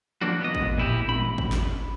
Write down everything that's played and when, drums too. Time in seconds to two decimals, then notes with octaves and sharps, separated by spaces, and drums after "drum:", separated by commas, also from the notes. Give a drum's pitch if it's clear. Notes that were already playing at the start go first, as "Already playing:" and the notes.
0.21 F3 F#3 A#3 D4 F#4
0.41 B3 D#5
0.55 drum: kick G#1
0.78 A#2 E4 G4
1.09 B5, drum: tom
1.38 drum: kick G#1
1.52 drum: snare